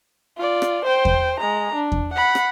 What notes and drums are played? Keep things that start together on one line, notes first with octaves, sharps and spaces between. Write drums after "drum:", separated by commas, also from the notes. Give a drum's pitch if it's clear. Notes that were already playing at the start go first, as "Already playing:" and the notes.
F4 D5
drum: rim click
C5 G5
drum: kick E2
G#3 A#5
D4
drum: kick E2
F#5 B5
drum: rim click